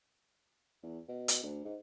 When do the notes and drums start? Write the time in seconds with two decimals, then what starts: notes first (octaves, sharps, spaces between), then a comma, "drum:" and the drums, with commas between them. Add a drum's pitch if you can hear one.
0.83 E2
1.08 B2
1.28 drum: hi-hat
1.43 D2
1.65 G#2